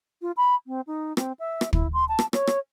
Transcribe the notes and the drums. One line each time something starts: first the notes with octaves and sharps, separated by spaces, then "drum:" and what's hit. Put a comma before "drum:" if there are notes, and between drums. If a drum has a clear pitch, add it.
F4
B5
C4
D#4
C4, drum: rim click
E5
drum: rim click
E4, drum: kick
C6
A5
drum: rim click
C#5, drum: rim click
drum: rim click